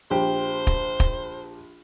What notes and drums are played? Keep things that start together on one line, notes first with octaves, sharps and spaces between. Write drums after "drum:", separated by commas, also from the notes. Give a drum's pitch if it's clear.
A#1 G4 C5
drum: kick
drum: kick